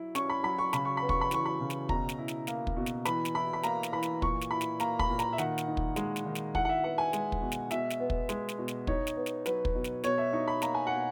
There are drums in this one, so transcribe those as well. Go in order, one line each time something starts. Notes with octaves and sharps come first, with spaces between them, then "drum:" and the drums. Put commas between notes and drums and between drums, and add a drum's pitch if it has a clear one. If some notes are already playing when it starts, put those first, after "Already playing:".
Already playing: F#3 E4
C#4 C#6, drum: snare
B5
F#3 B5
C#6
C#3 B5, drum: snare
C#6
B3 B5
C#6, drum: kick
B5
E3 C#6, drum: snare
B5
C#3
drum: snare
B2 A#5, drum: kick
drum: snare
E4
drum: snare
A#3, drum: snare
drum: kick
B2
drum: snare
E3 B5, drum: snare
drum: snare
E4 B5
B5
A#3 A#5, drum: snare
drum: snare
E3 B5
drum: snare
A#2 C#6, drum: kick
drum: snare
E4 B5
drum: snare
A#3 A#5, drum: snare
B5, drum: kick
A#2
A#5, drum: snare
E5
D#3 F#5, drum: snare
drum: snare
D#4
drum: kick
G#3, drum: snare
drum: snare
D#3
drum: snare
E4 F#5, drum: kick
F#5
E5
B3 F#5
G#5
G#3, drum: snare
drum: kick
B2
drum: snare
B2 E5, drum: snare
drum: snare
B3
drum: kick
G#3, drum: snare
drum: snare
B2
drum: snare
D#4 C#5, drum: kick
drum: snare
B3
drum: snare
F#3 B4, drum: snare
drum: kick
B2
drum: snare
B2 C#5, drum: snare
E5
D#4 C#6
B5
A#3 A#5, drum: snare
G#5
B2 F#5